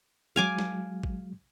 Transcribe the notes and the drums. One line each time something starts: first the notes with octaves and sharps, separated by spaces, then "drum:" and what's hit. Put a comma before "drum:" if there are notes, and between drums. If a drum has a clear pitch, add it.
F#3 G#3 F5 G#5 D6
drum: snare
drum: kick A1